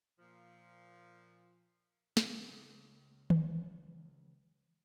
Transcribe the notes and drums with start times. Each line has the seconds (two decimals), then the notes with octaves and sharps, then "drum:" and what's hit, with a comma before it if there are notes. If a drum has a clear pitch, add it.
0.19 A#2 F3
2.17 C#2 G#2, drum: snare
3.30 drum: tom D#3